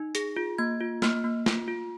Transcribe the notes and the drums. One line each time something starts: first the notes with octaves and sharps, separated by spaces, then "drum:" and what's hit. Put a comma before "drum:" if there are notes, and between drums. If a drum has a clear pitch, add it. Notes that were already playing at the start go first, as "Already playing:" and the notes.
Already playing: D#4
G#4 A#6, drum: hi-hat
F4
A#3 G#6
F4
A#3 F6, drum: snare
A#3
F4, drum: snare
F4